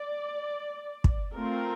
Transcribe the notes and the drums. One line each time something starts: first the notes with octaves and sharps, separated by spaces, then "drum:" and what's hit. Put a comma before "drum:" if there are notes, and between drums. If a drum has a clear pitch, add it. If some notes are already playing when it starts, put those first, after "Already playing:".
Already playing: D5
drum: kick
A3 C4 F4 A#4